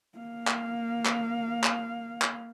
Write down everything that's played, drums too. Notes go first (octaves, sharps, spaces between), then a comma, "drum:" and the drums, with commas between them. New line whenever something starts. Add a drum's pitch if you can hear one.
A#3 F5
drum: clap
drum: clap
drum: clap
drum: clap